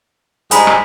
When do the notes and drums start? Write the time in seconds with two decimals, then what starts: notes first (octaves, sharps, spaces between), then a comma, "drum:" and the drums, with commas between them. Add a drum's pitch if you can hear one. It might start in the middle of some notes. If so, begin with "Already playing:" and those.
0.51 G#2 G3 G#3 G#5 B5 B6, drum: hi-hat
0.67 drum: rim click